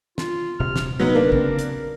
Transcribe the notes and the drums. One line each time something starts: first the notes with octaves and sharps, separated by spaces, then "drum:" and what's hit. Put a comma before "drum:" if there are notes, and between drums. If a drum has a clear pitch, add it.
F4, drum: snare
D#1 C3 F6
drum: snare
F#3 B3 D#4 B4
A#3 D4
C#3 C4 A#4, drum: kick
drum: hi-hat